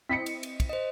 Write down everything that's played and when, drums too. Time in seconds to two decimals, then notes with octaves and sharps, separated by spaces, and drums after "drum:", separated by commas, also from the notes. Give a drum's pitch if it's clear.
0.09 C4 E4 D#5 B6 C#7
0.26 drum: cymbal
0.43 drum: cymbal
0.60 drum: kick, cymbal
0.69 C5 D#5